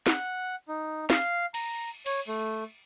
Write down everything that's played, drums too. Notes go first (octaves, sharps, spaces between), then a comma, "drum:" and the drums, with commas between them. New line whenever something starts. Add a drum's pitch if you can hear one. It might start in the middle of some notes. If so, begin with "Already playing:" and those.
F#5, drum: snare
D#4
F5, drum: snare
A#5, drum: cymbal
C#5, drum: cymbal
A3